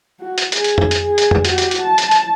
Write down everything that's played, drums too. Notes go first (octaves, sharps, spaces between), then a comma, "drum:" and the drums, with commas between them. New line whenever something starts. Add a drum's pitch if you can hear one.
F#4
drum: hi-hat
G#4, drum: hi-hat
drum: hi-hat
drum: tom F2
drum: hi-hat
G#4
drum: hi-hat
drum: tom F2
F#4 G4, drum: hi-hat
drum: hi-hat
drum: hi-hat
A5
drum: hi-hat
drum: hi-hat